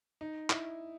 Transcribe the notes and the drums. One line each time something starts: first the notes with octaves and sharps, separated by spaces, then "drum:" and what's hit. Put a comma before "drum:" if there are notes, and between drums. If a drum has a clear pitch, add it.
D#4
E4, drum: clap